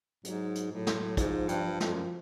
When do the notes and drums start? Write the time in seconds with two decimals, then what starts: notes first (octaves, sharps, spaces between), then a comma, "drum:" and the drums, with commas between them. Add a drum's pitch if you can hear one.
0.25 G#2 F#3, drum: hi-hat
0.55 drum: hi-hat
0.71 A2 F#3
0.87 drum: snare
1.17 G#2 F3, drum: kick, hi-hat
1.49 G2, drum: hi-hat
1.65 F3
1.80 F2, drum: snare
1.91 F#2